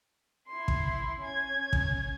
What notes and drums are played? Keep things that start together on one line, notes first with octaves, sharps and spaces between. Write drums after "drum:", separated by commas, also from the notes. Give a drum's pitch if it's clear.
E4 C6
drum: kick
C#4 G#6
drum: kick